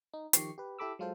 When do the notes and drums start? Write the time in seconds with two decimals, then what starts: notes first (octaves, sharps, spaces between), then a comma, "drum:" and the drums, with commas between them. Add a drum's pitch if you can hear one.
0.13 D#4
0.33 D#3 F3 G4 C#6 C7, drum: hi-hat
0.58 G4 B4
0.79 E4 G4 A4 B5 D6 E6
0.99 F#3 G#3 F4 A4 C5